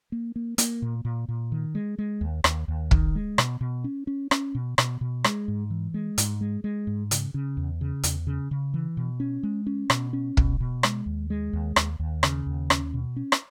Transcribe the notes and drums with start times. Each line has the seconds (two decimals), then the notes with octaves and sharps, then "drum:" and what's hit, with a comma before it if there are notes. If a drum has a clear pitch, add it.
0.12 A#3
0.36 A#3
0.58 A#3, drum: hi-hat
0.82 A#2
1.05 A#2
1.28 A#2
1.52 D#3
1.75 G#3
1.98 G#3
2.21 D#2
2.44 D#2, drum: rim click
2.68 D#2
2.91 D#3, drum: kick
3.15 G#3
3.38 B2, drum: rim click
3.61 B2
3.84 C#4
4.07 C#4
4.31 C#4, drum: rim click
4.55 B2
4.78 B2, drum: rim click
5.01 B2
5.24 G#3, drum: rim click
5.48 G#2
5.70 E3
5.94 G#3
6.18 G#2, drum: hi-hat
6.41 G#3
6.64 G#3
6.87 G#2
7.11 C#3, drum: hi-hat
7.34 C#3
7.57 E2
7.81 C#3
8.03 E2, drum: hi-hat
8.27 C#3
8.51 C#3
8.74 E3
8.97 B2
9.20 C#4
9.43 G#3
9.67 C#4
9.90 B2, drum: rim click
10.13 C#4
10.37 B2, drum: kick
10.60 B2
10.83 G#3, drum: rim click
11.06 D#2
11.30 G#3
11.53 D#2
11.76 D#2, drum: rim click
12.00 D#2
12.23 C#3, drum: rim click
12.46 D#2
12.70 C#4, drum: rim click
12.94 B2
13.16 C#4
13.32 drum: rim click